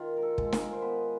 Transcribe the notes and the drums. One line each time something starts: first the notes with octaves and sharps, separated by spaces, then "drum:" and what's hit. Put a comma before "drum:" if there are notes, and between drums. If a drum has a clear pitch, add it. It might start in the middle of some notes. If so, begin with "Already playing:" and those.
Already playing: D#3 F4
A#4
A4
G#3, drum: kick
A4
A#4, drum: snare
C5
B3 B4